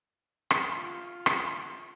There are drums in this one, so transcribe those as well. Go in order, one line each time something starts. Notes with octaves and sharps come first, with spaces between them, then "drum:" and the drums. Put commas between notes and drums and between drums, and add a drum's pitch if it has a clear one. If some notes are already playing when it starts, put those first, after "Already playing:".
drum: rim click
F4
drum: rim click